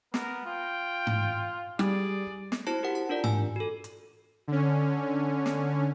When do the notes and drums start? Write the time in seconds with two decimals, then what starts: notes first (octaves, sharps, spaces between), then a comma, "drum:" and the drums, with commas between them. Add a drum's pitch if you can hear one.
0.14 B3 A#4, drum: snare
0.46 F4 G5
1.07 drum: tom G#2
1.79 G3 G#4 D5, drum: rim click
2.52 drum: snare
2.67 E4 F#4 C5 A5
2.83 G4 A#4 F#5
2.95 A5
3.09 D4 F4 A#4 D5
3.24 G#5 E6, drum: tom G#2
3.56 F#4 A4
3.84 drum: hi-hat
4.48 D3 C#4
5.46 drum: snare